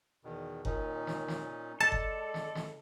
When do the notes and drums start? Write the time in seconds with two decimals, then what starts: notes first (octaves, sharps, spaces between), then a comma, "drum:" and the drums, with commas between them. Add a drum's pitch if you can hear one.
0.24 E2 B2 D#3
0.65 D#2 A#2 C#4 D#4, drum: kick F#1
1.07 drum: snare
1.28 drum: snare
1.80 G#3 A4 D5 A5
1.92 drum: kick F#1
2.34 drum: snare
2.55 drum: snare